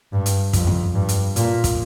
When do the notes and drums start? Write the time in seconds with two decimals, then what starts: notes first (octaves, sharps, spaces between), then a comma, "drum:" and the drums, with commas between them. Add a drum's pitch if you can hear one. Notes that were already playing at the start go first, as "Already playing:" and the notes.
0.12 G2
0.26 drum: hi-hat
0.53 F2, drum: kick, hi-hat
0.67 drum: tom F2
0.94 G2
1.09 drum: hi-hat
1.36 A#2, drum: hi-hat
1.64 drum: kick, hi-hat